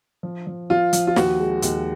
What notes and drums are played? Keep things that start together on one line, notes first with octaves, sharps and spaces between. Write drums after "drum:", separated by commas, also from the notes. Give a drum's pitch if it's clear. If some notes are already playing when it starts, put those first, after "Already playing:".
F3
F3
F3 F4
F3, drum: hi-hat
F4
D#2 F#4, drum: snare
G#3
D#2, drum: hi-hat